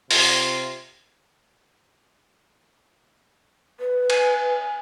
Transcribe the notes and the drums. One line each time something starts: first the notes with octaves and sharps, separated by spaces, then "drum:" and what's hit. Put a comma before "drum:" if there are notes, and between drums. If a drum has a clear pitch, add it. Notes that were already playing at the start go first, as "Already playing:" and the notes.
C3 F4, drum: open hi-hat
B4
G#5, drum: cymbal